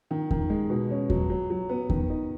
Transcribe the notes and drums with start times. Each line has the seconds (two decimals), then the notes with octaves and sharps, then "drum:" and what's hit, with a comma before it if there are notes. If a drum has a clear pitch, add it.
0.11 D#3
0.31 D#3, drum: kick E2
0.50 G#3
0.70 B2
0.90 C#4
1.10 F#3, drum: kick E2
1.30 F#3
1.50 F#3
1.69 B3
1.90 D#3, drum: kick E2
2.10 D#4